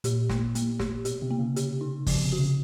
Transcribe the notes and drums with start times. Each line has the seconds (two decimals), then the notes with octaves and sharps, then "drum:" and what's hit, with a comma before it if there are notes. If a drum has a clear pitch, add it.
0.04 A#2 G4, drum: hi-hat
0.29 A#3, drum: snare
0.55 A#3, drum: hi-hat
0.79 G4, drum: snare
1.05 B2 G4, drum: hi-hat
1.22 C3
1.31 A#3
1.39 C#3
1.56 G4, drum: hi-hat
1.81 D#4
2.07 C#3 F3, drum: kick, open hi-hat
2.23 C3
2.32 F#4
2.40 C#3